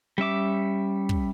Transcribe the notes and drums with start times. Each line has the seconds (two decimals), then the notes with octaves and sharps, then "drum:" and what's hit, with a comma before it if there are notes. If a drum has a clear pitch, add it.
0.18 G3 C#4 E5 D6
1.09 drum: kick